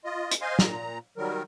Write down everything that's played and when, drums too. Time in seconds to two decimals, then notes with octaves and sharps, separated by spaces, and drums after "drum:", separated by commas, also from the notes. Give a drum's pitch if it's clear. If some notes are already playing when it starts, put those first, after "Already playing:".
0.05 F4 D#5
0.32 drum: hi-hat
0.41 C5 D#5 F5 G#5 C6
0.59 A#2 A#5, drum: snare
1.17 D#3 F#3 G3 A#4